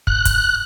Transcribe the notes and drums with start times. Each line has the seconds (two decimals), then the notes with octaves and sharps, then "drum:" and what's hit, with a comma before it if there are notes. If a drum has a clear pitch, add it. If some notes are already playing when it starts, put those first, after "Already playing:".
0.07 F#6, drum: kick
0.25 drum: kick, hi-hat